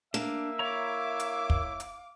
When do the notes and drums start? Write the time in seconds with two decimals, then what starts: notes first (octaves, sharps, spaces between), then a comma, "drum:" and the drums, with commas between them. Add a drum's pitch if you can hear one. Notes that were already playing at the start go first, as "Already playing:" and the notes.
0.14 A#3 D4 E5
0.59 E4 C#5 F5 A#5 D6
1.20 drum: hi-hat
1.50 drum: kick
1.80 drum: hi-hat